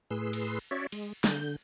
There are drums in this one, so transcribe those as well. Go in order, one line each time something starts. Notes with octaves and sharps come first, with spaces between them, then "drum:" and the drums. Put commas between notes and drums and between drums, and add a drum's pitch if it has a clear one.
A2 G#4 B4 C6 E6
drum: cymbal
C#4 F#4 C#5 D5 E5
G#3, drum: cymbal
D3 G6, drum: snare